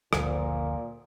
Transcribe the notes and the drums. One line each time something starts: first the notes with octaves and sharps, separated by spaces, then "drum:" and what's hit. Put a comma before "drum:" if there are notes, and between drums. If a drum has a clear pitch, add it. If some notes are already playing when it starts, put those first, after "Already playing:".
F#1 D2 A#2 F3, drum: rim click